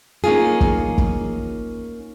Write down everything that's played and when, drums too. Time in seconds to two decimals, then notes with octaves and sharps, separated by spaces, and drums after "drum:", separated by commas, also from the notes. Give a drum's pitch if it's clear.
0.24 A#3 C#4 D#4 F4 G#4
0.61 drum: kick
0.98 drum: kick